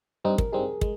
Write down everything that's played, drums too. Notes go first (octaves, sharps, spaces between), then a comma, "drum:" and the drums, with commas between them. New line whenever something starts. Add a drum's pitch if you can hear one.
G2 G3 C4 D#4
A#4, drum: kick
G2 G3 C4 D#4 G#4
G#3, drum: kick